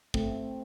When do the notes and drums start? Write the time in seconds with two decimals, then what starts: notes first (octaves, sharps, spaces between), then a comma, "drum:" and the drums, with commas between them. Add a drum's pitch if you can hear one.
0.14 A3 C4, drum: kick